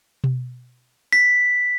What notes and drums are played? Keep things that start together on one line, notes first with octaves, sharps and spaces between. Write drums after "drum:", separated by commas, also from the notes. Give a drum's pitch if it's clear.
drum: tom B2
B6